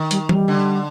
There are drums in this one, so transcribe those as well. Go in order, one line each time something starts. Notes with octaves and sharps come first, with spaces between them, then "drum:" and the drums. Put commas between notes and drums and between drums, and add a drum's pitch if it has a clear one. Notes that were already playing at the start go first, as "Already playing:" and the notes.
Already playing: D#3
G3, drum: hi-hat
G3, drum: tom E3
D3